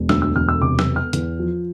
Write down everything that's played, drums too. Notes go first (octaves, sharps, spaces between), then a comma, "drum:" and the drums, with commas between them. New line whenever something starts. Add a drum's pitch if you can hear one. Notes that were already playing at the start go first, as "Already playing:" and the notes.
Already playing: E1
D2 E6, drum: snare
E6
E1 F6
E6
C3 D6
E6, drum: snare
B3
F6
E2, drum: hi-hat
F3